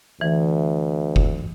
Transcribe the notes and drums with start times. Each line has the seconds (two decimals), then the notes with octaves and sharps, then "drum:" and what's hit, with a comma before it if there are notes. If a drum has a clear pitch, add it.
0.21 D2 E3
1.16 drum: kick F1